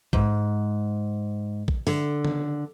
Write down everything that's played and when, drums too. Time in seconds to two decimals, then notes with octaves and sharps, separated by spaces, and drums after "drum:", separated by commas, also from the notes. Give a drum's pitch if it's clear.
0.13 G#2, drum: kick A#1
1.68 drum: kick A#1
1.87 D3, drum: open hi-hat
2.25 drum: tom C#3